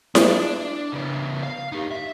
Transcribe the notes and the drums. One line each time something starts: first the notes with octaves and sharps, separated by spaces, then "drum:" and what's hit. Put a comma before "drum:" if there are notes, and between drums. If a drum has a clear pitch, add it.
D4, drum: snare E4
C#3 B3
F5
D#4 G4
E5